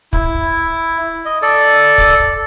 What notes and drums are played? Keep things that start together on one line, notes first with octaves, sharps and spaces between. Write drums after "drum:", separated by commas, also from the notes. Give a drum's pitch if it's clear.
E4, drum: kick
D#5
A4 D5
drum: kick